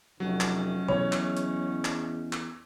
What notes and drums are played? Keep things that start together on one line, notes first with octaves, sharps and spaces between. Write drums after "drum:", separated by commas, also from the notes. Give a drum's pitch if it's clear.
F1 F#3 G#3 A3 C#4
drum: clap
E2 C#5, drum: tom B2
drum: clap
drum: hi-hat
drum: clap
drum: clap